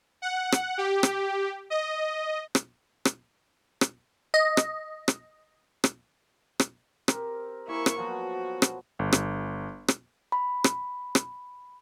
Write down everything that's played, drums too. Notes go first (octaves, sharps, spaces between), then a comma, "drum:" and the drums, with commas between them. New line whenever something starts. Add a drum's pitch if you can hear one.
F#5
drum: rim click
G4
drum: rim click
D#5
drum: rim click
drum: rim click
drum: rim click
D#5
drum: rim click
drum: rim click
drum: rim click
drum: rim click
C4 G4 A#4, drum: rim click
A#3 E4 C#5 G#5 C#6
drum: rim click
F3 F#3 B3 F#4
drum: rim click
G1
drum: rim click
drum: rim click
B5
drum: rim click
drum: rim click